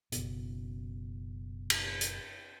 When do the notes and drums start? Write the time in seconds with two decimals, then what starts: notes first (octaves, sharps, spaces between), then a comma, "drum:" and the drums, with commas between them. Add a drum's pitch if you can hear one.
0.12 F#1 B2, drum: hi-hat
1.70 drum: cymbal
2.01 drum: hi-hat